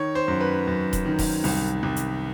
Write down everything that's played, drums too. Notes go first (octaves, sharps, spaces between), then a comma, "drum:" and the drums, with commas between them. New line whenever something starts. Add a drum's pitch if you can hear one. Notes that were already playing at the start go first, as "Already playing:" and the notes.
Already playing: D#3 C#5
C5
F#2
B4
F#2
drum: kick D#1, hi-hat
D#3
drum: kick D#1, open hi-hat
C2, drum: open hi-hat
C2
drum: hi-hat